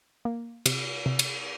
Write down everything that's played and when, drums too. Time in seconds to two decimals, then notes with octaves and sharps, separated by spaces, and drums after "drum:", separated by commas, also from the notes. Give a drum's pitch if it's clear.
0.25 A#3
0.66 C3, drum: cymbal
1.06 C3
1.19 drum: cymbal